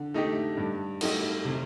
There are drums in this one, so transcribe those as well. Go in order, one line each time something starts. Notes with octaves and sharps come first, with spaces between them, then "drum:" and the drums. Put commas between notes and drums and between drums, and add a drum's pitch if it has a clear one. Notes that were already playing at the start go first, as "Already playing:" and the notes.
Already playing: D3
A3 D#4 G4
G2
F#3 A3 D#4 G4, drum: cymbal
C3